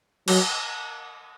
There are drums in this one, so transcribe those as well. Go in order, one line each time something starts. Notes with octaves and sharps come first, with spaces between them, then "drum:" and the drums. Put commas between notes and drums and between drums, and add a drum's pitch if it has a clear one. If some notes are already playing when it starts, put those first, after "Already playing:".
F#3, drum: cymbal